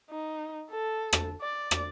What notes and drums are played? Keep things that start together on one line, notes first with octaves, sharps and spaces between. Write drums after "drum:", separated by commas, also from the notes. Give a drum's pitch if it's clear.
D#4
A4
drum: rim click
D5
drum: rim click